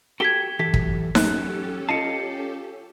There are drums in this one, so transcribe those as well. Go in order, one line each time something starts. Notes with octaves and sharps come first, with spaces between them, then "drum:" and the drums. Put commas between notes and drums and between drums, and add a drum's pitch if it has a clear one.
F#4 G4 A4 G#6 B6 G7
F#2 A2 E3 G4 A4 B6
drum: kick
F#3 C#4 G4 A4 F#6, drum: snare D#4
F4 D#5 A5 C7 C#7